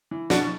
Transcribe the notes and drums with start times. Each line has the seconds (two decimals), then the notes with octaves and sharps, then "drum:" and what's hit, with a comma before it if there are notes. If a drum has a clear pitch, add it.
0.11 E3
0.30 B2 D4 F#4, drum: snare